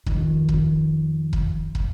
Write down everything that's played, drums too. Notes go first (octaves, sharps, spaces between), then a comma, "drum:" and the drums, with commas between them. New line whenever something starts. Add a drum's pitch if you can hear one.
F2 D#3, drum: kick
drum: kick
drum: kick
drum: kick